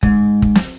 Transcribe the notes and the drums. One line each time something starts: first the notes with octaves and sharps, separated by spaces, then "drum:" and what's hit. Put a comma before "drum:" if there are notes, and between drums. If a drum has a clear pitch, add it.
G#2, drum: kick
drum: kick
drum: snare